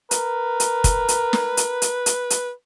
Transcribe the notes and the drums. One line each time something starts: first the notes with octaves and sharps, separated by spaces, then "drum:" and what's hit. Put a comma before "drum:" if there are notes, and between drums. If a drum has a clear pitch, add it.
A#4 B4, drum: hi-hat
drum: hi-hat
drum: kick, hi-hat
drum: hi-hat
drum: snare
drum: hi-hat
drum: hi-hat
drum: hi-hat
drum: hi-hat